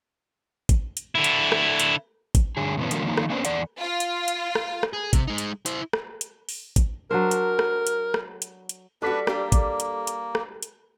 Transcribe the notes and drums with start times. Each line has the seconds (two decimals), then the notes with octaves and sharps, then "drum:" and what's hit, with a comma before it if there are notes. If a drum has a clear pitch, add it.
0.69 drum: kick, hi-hat
0.97 drum: hi-hat
1.15 D3 E4
1.24 drum: hi-hat
1.52 drum: rim click
1.80 drum: hi-hat
2.35 drum: kick, hi-hat
2.57 G2 D3 G#4
2.77 G2 B2 D3 E3 B3 C#4
2.91 D#3 F3 A3 D4 F#4 A#4, drum: hi-hat
3.04 D#3 F3 A#3 D#4
3.17 drum: rim click
3.30 A#3 B3 C#4 D4 B4 C5
3.45 E2 D5 F#5, drum: hi-hat
3.80 F4
4.00 drum: hi-hat
4.28 drum: hi-hat
4.55 drum: rim click
4.83 drum: rim click
4.93 G#4
5.13 C3, drum: kick, hi-hat
5.27 G#3 D#4
5.38 drum: hi-hat
5.66 E4 C5, drum: hi-hat
5.93 drum: rim click
6.21 drum: hi-hat
6.49 drum: open hi-hat
6.76 drum: kick, hi-hat
7.11 F#3 D4 A#4 C5
7.31 drum: hi-hat
7.59 drum: rim click
7.87 drum: hi-hat
8.14 drum: rim click
8.42 drum: hi-hat
8.69 drum: hi-hat
9.02 G3 D4 F#4 A4 B4 D6 B6
9.27 G3 A#3 D4 G4, drum: rim click
9.52 drum: kick, hi-hat
9.80 drum: hi-hat
10.07 drum: hi-hat
10.35 drum: rim click
10.63 drum: hi-hat